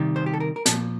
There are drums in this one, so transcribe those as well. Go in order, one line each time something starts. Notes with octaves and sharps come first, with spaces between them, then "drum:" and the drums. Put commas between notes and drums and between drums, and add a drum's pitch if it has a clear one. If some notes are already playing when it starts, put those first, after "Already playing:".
Already playing: C3 D#3 G3
C5
G4
A4
A#4
A#4
A#2 F3 A4, drum: hi-hat